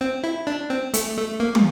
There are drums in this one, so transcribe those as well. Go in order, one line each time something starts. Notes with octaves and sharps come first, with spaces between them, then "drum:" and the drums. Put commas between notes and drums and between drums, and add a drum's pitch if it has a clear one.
C4
E4
D4
C4
A3, drum: hi-hat
A3
A#3
drum: tom